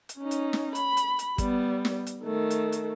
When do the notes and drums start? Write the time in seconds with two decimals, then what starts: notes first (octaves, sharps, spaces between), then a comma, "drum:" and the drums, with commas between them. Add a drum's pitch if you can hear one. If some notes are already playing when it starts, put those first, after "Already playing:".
0.09 drum: hi-hat
0.19 C#4 D#4
0.31 drum: hi-hat
0.53 drum: snare
0.75 B5, drum: hi-hat
0.97 drum: hi-hat
1.19 drum: hi-hat
1.38 G3 B3, drum: kick, hi-hat
1.85 drum: snare
2.07 drum: hi-hat
2.24 D#3 A3
2.51 drum: hi-hat
2.72 drum: hi-hat